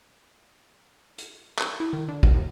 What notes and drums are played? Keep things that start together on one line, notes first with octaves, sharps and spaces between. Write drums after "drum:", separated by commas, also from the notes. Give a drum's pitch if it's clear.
drum: hi-hat
drum: clap
E4
D#3
D3
F#2, drum: kick
D#2